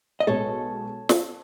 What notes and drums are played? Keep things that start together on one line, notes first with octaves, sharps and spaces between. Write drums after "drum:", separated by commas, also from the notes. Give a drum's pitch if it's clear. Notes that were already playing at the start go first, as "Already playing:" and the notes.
D#5
B1 B2 G#3 A4 C#5
drum: snare